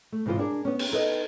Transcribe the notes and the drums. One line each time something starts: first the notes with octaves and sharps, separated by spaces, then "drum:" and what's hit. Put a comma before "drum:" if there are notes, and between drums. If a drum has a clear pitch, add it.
A3
G#2 C3 E3 F4 C5
D4 G#4 A#4
B3 C#4
drum: cymbal
D#4 A4 B4 D#5